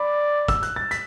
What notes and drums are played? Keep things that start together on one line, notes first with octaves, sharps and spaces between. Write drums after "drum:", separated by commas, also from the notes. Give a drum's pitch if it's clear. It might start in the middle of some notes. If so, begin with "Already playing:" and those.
Already playing: D5 B5
E6, drum: kick, hi-hat
F#6, drum: hi-hat
A6
B6, drum: hi-hat